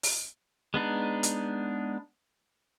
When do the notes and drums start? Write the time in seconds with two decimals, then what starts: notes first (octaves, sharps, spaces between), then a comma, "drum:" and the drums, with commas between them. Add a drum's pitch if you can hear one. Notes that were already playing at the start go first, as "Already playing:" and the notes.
0.03 drum: open hi-hat
0.74 G#3 B3 D4 D#4
1.23 drum: hi-hat